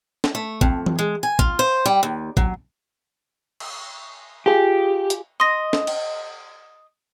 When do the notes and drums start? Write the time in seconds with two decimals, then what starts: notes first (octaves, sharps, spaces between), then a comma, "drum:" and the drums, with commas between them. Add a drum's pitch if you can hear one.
0.24 drum: snare
0.35 A3
0.61 F2, drum: kick
0.86 drum: tom E3
0.99 G#3
1.23 G#5
1.39 F4, drum: kick
1.59 C5
1.86 G3
2.03 D#2
2.37 F#3, drum: kick
3.60 drum: cymbal
4.46 F4 G4 G#4
5.10 drum: hi-hat
5.40 D#5 C6 A#6
5.73 drum: snare
5.87 drum: cymbal